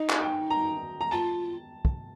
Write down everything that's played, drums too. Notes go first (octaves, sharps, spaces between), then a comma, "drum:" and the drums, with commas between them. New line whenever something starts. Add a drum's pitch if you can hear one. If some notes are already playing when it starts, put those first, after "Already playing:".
Already playing: D#4 D#5
drum: clap
G5
A#5
A#5
F4 A5
drum: kick